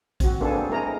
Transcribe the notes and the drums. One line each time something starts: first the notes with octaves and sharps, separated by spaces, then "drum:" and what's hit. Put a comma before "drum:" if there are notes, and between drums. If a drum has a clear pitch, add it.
C4 F#4, drum: kick A#1, hi-hat
A#3 B3 D4 G#4 A4
C4
G#3 E4 G#4 A#4 A#5